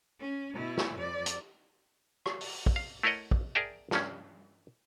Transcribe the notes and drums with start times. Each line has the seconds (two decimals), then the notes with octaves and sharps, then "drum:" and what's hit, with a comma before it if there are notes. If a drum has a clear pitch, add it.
0.19 C#4
0.54 B2 E4
0.77 drum: snare
0.97 F2 D5
1.26 drum: hi-hat
2.26 drum: rim click
2.41 drum: open hi-hat
2.66 drum: kick
2.76 F5
3.03 A3 E4 A#4 C#5 D#5 F#5
3.31 drum: kick
3.55 G#4 A#4 D5 E5 G5 A5
3.91 G2 F3 C#4, drum: snare